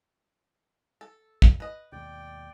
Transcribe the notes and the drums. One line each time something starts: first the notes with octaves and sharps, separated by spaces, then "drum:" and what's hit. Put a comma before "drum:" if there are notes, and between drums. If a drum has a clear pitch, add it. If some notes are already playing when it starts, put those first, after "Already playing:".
A4
drum: kick
B4 D#5
D#2 G#2 B2 D5 G5